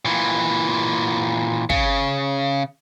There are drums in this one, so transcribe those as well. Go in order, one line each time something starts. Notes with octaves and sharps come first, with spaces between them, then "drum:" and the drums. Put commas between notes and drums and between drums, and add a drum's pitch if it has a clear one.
A#2 E3
C#3, drum: kick